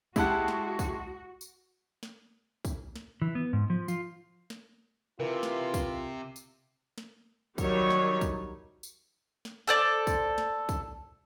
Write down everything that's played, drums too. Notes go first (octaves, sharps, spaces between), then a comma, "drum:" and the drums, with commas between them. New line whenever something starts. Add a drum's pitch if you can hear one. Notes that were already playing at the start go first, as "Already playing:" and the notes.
G#3 E4 F#4 G4 F#5 A5, drum: kick, tambourine
drum: snare
drum: kick, tambourine
drum: tambourine
drum: snare
drum: kick, tambourine
drum: snare
E3
B3
G#2
F3
F4, drum: tambourine
drum: snare
C3 E3 F4 A#4
drum: snare
drum: kick, tambourine
drum: tambourine
drum: snare
D#3 F#3 G3 C#5, drum: kick, tambourine
drum: snare
drum: kick, tambourine
drum: tambourine
drum: snare
A4 C5 D5
drum: kick, tambourine
drum: snare
drum: kick, tambourine